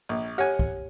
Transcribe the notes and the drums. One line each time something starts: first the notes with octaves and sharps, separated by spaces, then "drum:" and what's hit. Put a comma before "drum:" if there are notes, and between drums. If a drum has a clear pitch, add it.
A#1
G4 C#5 F#5 G#5
drum: kick